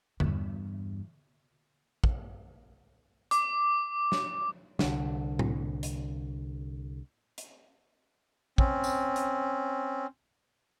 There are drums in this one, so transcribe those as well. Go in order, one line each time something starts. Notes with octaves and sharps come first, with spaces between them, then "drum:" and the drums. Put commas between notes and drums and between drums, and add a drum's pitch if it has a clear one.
E2 G2, drum: tom D3
drum: kick
D6, drum: hi-hat
drum: snare
C2 D3, drum: snare
drum: tom A2
drum: hi-hat
drum: hi-hat
C4 C#4, drum: kick
drum: tambourine
drum: hi-hat